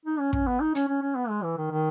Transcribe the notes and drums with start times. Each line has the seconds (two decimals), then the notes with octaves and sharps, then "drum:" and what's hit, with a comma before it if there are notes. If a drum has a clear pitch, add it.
0.06 D#4
0.19 C#4
0.33 C#4, drum: kick
0.47 B3
0.60 D#4
0.75 C#4, drum: hi-hat
0.88 C#4
1.02 C#4
1.16 B3
1.29 G#3
1.43 E3
1.57 D#3
1.71 D#3